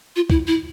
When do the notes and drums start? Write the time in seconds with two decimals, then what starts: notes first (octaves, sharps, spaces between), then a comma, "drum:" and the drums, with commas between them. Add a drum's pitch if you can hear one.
0.16 F4
0.30 E4, drum: kick
0.47 E4